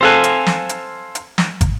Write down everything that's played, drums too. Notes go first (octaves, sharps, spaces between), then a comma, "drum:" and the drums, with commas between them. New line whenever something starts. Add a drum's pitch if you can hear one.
C4 A4 C5 F5 G#5 F#6
drum: hi-hat
drum: snare
drum: hi-hat
drum: hi-hat
drum: snare
drum: kick, hi-hat